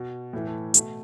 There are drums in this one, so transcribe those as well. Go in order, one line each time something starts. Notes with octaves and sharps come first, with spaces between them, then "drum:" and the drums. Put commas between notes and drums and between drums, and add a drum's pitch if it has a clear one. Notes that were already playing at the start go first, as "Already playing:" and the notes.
Already playing: B2
A2 E3
A3
B2 A3, drum: hi-hat